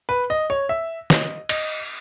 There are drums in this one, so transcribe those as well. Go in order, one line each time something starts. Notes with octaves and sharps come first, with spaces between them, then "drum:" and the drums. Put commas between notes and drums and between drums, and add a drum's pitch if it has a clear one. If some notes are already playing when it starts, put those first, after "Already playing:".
B4
D#5
C#5
E5
D#5, drum: snare
D#5, drum: cymbal